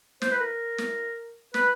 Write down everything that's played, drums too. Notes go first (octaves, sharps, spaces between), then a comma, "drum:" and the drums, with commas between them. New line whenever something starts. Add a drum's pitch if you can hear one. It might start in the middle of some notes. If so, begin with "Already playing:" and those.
C5, drum: snare
B4
A#4
drum: snare
B4, drum: snare